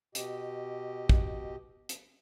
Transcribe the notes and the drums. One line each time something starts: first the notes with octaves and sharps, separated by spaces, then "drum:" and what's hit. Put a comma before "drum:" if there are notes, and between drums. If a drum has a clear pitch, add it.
B2 G4 D#5, drum: hi-hat
drum: kick
drum: hi-hat